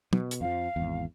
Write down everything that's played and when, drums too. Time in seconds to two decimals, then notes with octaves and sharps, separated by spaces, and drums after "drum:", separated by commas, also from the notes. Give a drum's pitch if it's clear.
0.13 B2, drum: tom
0.31 drum: hi-hat
0.41 F2 F3 F5
0.76 G#1 E2